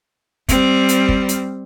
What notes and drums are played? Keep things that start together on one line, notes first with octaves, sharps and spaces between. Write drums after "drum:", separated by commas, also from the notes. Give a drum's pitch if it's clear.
G3 C4, drum: kick, hi-hat
drum: hi-hat
drum: kick
drum: hi-hat